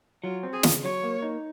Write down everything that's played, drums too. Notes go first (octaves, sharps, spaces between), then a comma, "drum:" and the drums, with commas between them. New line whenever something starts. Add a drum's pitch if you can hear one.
F#3 F4
C4
G#4
C#3, drum: snare
F#3 C#5
A#3
D#4